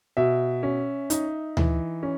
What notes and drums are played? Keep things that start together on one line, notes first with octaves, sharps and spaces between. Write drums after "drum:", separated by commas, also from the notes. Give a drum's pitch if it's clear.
B2 E5
C#4
D#4, drum: hi-hat
E3, drum: tom D2
C#4